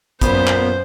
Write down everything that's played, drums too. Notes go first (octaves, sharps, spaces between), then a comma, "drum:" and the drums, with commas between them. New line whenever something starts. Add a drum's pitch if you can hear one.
F#2 A#2 B3 C5, drum: kick, hi-hat
drum: clap